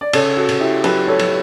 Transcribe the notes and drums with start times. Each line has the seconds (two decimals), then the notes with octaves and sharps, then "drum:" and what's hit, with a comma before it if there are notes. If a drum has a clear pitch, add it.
0.01 D5
0.13 C#3 A4 C#5, drum: cymbal
0.37 F#4 A4
0.49 C#3, drum: cymbal
0.60 E4 G4
0.84 F#3 G4 B4, drum: cymbal
1.07 A4 C#5
1.19 F#3, drum: cymbal